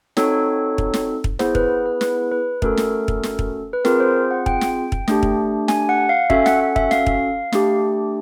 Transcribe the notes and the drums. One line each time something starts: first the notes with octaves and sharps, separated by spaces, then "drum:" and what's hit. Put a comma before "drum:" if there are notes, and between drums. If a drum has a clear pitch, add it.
C4 D#4 F#4 A4 C#5, drum: snare
drum: kick
drum: snare
drum: kick
B3 E4 G#4 C5, drum: snare
B4, drum: kick
B4
B4, drum: snare
B4
A3 C#4 F#4 A4 A#4, drum: kick
drum: snare
drum: kick
drum: snare
drum: kick
B4
C4 F4 G#4 A#4, drum: snare
C5
F#5
G5, drum: kick
drum: snare
drum: kick
A3 D4 G4, drum: snare
drum: kick
G#5, drum: snare
F#5
F5
C#4 F#4 A4 E5, drum: kick
F#5, drum: snare
F#5
E5, drum: kick
F5, drum: snare
drum: kick
A3 D4 G4, drum: snare